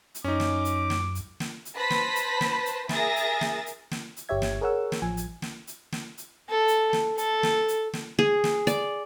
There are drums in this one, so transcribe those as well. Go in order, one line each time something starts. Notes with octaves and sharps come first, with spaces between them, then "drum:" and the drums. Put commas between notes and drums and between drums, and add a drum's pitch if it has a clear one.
drum: hi-hat
F#2 C#4 D#4 D6
drum: snare
drum: hi-hat
drum: snare
drum: hi-hat
drum: snare
drum: hi-hat
B4 C5 A5 B5 A#6 B6
drum: snare
drum: hi-hat
drum: snare
drum: hi-hat
G#4 A#4 E5 A6 A#6, drum: snare
drum: hi-hat
drum: snare
drum: hi-hat
drum: snare
drum: hi-hat
G1 G4 C#5 E5 G#6
drum: snare
G#4 A#4 C#5 F#5 E6
drum: snare
A1 F3 G#5
drum: hi-hat
drum: snare
drum: hi-hat
drum: snare
drum: hi-hat
A4
drum: hi-hat
drum: snare
A4, drum: hi-hat
drum: snare
drum: hi-hat
drum: snare
G#4
drum: snare
D5, drum: hi-hat